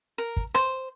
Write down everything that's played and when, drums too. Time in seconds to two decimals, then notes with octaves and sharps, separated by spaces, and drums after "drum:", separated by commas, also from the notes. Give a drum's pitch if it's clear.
0.18 A#4
0.37 drum: kick
0.54 C5, drum: rim click